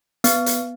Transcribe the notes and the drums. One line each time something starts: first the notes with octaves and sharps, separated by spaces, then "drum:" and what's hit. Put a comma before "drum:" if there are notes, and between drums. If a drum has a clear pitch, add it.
B3, drum: hi-hat
drum: hi-hat